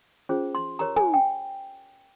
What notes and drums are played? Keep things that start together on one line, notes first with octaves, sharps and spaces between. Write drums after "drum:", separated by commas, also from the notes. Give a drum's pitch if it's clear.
C#4 F4 G#4 C5
C6
G4 A#4 C#5 A#5, drum: hi-hat
G#5, drum: tom
G5